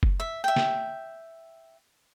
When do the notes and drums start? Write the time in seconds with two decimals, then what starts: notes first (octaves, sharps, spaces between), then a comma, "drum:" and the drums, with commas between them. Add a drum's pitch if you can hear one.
0.03 drum: kick F#1
0.20 E5
0.44 E5 G5
0.56 drum: snare